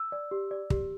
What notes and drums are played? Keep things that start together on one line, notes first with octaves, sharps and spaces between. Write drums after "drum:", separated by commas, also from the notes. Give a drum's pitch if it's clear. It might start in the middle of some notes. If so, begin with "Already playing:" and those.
Already playing: E6
D5
G4
D5
G4, drum: kick